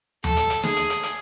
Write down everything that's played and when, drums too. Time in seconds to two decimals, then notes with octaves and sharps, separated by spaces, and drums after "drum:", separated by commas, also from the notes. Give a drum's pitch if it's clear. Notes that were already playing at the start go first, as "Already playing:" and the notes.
0.24 A4, drum: tom D#2
0.37 drum: hi-hat
0.50 drum: hi-hat
0.63 G#4, drum: snare
0.77 drum: hi-hat
0.90 drum: hi-hat
1.03 drum: hi-hat